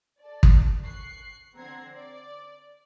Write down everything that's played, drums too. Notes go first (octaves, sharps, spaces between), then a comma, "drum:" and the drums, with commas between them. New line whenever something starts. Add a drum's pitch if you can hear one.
A4 D5
drum: kick
C#6 F#6 C7
D3 C4 F#5 A#5 G#6 C7
D5